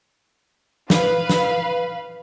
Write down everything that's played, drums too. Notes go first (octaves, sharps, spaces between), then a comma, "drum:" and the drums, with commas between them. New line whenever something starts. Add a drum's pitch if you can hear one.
B4 F5, drum: snare
drum: snare